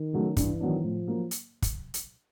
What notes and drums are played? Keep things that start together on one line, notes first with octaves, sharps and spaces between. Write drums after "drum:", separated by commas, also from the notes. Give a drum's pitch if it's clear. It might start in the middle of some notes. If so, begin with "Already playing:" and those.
Already playing: D#3
C#3 F#3 A3 C#4
G2 E3, drum: kick, hi-hat
D#3 F#3 B3 D4
A2 F3
F#3 A#3
drum: hi-hat
drum: kick, hi-hat
drum: hi-hat